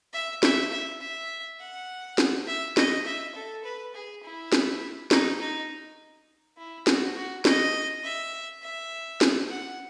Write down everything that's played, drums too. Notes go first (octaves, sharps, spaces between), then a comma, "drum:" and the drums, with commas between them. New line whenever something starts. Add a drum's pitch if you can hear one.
E5
E5, drum: snare
E5
E5
F#5
drum: snare
E5
D#5, drum: snare
E5
A4
B4
G#4
E4
drum: snare
D#4, drum: snare
D#4
E4
F#4, drum: snare
F#4
D#5, drum: snare
E5
E5
drum: snare
F#5